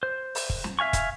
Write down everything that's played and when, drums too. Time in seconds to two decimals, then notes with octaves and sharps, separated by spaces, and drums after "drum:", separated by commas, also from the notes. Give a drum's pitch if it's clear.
0.03 C5
0.35 drum: open hi-hat
0.50 drum: kick
0.64 drum: snare
0.79 E5 F5 G#5 C#6
0.93 drum: kick, hi-hat